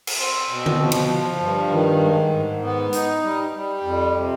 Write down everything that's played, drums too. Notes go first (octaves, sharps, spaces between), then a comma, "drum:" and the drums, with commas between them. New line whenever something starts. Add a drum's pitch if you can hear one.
drum: cymbal
C4
B2
drum: tom D3
F3
drum: cymbal
F3
G2
D#3
G#2
G#2
B3
D#4, drum: hi-hat
G3
G3
F2
C3